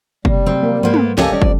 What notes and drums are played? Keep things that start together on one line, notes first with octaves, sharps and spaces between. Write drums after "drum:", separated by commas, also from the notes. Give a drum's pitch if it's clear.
C3 G3 A#3, drum: kick
C3 F#3 A3 C4
A#3
G#2 A#3 B3 C5
drum: tom
C#2 A#3 C#4 G4 A4 C#5 D#5, drum: snare
D1 F2 G3 C#4 D5
drum: kick